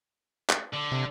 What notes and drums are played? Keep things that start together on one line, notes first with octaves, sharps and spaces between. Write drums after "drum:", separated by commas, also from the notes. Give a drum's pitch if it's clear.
drum: clap
D3
C3